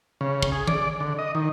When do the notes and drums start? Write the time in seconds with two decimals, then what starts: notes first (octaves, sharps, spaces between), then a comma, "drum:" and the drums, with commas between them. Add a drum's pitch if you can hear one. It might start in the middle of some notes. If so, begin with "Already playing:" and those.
0.21 C#3
0.43 drum: kick
0.52 G#4
0.67 D5, drum: tom D#3
1.00 D3
1.19 D#5
1.35 D#3